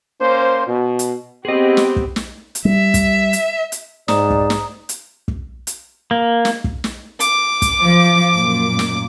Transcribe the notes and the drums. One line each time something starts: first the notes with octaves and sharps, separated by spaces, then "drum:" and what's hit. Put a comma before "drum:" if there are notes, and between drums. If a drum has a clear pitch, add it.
A#3 C#4 C5
B2
drum: hi-hat
B3 C4 G4 G#4 D#5
drum: snare
drum: kick
drum: snare
drum: hi-hat
G3 E5
drum: kick, hi-hat
drum: hi-hat
drum: hi-hat
G#2 D5 A#5 D#6, drum: snare
drum: kick
drum: snare
drum: hi-hat
drum: kick
drum: hi-hat
A#3
drum: snare
drum: kick
drum: snare
D6, drum: hi-hat
drum: kick, hi-hat
F3
F#2 A#2
drum: snare